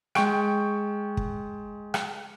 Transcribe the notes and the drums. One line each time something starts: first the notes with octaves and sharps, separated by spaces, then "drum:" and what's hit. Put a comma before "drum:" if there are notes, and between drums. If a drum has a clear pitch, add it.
G#3 G5 C#6 D7, drum: rim click
drum: kick
drum: rim click